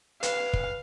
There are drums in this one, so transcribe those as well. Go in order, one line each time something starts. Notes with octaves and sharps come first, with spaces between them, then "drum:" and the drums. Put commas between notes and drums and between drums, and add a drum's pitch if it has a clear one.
B4 F5, drum: hi-hat
drum: kick